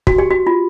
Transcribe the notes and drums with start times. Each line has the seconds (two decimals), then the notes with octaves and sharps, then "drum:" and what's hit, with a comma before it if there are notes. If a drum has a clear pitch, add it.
0.07 F#4, drum: kick
0.18 G4
0.31 F#4
0.47 F4